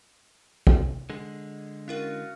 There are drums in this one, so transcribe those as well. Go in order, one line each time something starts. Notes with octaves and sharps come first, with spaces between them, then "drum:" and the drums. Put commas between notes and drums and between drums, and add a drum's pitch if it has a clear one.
drum: kick
D3 G#3
C#4 E4 F#4 A#4 F5